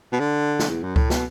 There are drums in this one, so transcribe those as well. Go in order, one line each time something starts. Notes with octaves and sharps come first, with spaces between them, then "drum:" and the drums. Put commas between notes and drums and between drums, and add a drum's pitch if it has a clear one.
B2
D3
drum: snare
E2
F#2
A2, drum: kick C#2
B2, drum: snare